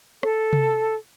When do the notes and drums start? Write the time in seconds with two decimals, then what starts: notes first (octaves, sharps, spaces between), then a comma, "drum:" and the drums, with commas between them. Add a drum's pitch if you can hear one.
0.23 A4, drum: rim click
0.53 drum: tom C3